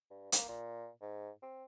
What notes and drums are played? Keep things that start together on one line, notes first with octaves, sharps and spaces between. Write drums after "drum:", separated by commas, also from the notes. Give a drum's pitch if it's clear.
G2
A#3, drum: hi-hat
A#2
G#2
C4